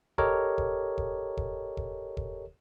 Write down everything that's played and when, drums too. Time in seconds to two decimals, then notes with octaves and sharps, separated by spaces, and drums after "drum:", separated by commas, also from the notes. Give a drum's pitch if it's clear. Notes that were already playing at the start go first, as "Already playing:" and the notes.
0.18 G4 A4 A#4 C#5 D#5, drum: kick E1
0.58 drum: kick E1
0.98 drum: kick E1
1.37 drum: kick E1
1.77 drum: kick E1
2.17 drum: kick E1